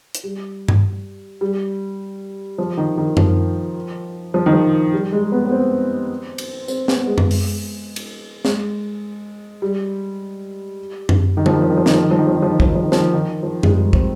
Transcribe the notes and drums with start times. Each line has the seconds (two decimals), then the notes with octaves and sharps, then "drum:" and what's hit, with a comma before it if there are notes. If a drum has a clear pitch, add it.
0.15 drum: hi-hat
0.24 G3
0.68 drum: tom G2
1.41 G3
2.58 F3
2.77 D#3
2.97 D#3
3.17 F3, drum: tom F#2
4.34 F3
4.46 D#3
4.53 F3
4.93 G3
5.12 G#3
5.32 B3
5.45 B3
5.52 C4
6.38 drum: cymbal
6.68 C4, drum: tambourine
6.88 B3, drum: snare
7.02 B3
7.07 G#3
7.18 drum: tom F#2
7.31 drum: open hi-hat
7.96 drum: cymbal
8.45 G#3, drum: snare
9.62 G3
11.09 drum: tom F#2
11.37 D#3
11.46 F3, drum: tom D3
11.53 D#3
11.62 F3
11.70 D#3
11.77 F3
11.86 D#3, drum: snare
11.94 F3
12.02 D#3
12.11 F3
12.18 D#3
12.27 F3
12.35 D#3
12.42 F3
12.51 D#3
12.60 F3, drum: kick
12.67 D#3
12.75 F3
12.83 D#3
12.92 F3, drum: snare
13.00 D#3
13.13 D#3
13.43 F3
13.63 G#3, drum: tom F#2
13.72 G3
13.93 C4, drum: kick